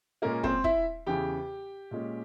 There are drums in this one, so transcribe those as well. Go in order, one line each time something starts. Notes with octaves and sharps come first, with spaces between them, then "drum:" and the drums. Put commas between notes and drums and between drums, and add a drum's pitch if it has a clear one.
A#2 G#3 A#3 C#4 A#4
C4 C5, drum: kick
E4 E5, drum: kick
E2 C#3 E3 G4 G5
A#2 G#3 C#4